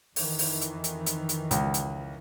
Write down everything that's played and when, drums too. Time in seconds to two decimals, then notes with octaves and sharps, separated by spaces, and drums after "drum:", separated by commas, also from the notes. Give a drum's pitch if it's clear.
0.16 F2 D#3 E3, drum: open hi-hat
0.39 drum: open hi-hat
0.61 drum: hi-hat
0.84 drum: hi-hat
1.06 drum: hi-hat
1.29 drum: hi-hat
1.51 C#2, drum: hi-hat
1.74 drum: hi-hat